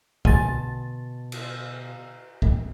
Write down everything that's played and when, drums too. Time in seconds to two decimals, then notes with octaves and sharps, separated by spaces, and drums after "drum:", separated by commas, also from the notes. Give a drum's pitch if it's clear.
0.25 B2 D3 G#5 A5 A6, drum: kick
1.32 drum: cymbal
2.42 drum: kick